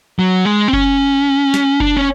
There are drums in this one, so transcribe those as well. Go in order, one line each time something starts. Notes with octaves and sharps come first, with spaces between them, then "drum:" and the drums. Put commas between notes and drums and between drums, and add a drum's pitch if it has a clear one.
F#3
G#3
C4
C#4, drum: kick F#1
drum: snare
D4, drum: kick F#1
C#4